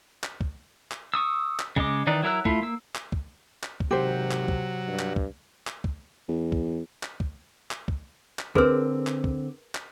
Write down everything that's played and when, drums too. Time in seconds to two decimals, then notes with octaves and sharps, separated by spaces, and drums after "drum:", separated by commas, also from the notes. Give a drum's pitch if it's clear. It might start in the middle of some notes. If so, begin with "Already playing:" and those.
0.24 drum: clap
0.41 drum: kick
0.92 drum: clap
1.14 C#6 D#6 E6
1.59 drum: clap
1.76 C#3 G#3 D#5 D6, drum: kick
2.07 D#3 E3 D#4 D5 F#6
2.22 F#3 E4 A#4 E6 F#6
2.45 A3 E4 F4, drum: kick
2.62 A#3 E6
2.95 drum: clap
3.12 drum: kick
3.63 drum: clap
3.80 drum: kick
3.91 G#1 C3 F#3 G4 C5
4.31 drum: clap
4.48 drum: kick
4.87 G2
4.99 drum: clap
5.16 drum: kick
5.67 drum: clap
5.84 drum: kick
6.28 E2
6.52 drum: kick
7.03 drum: clap
7.20 drum: kick
7.71 drum: clap
7.88 drum: kick
8.39 drum: clap
8.55 D3 C4 G#4 A#4 B4, drum: kick
9.07 drum: clap
9.24 drum: kick
9.75 drum: clap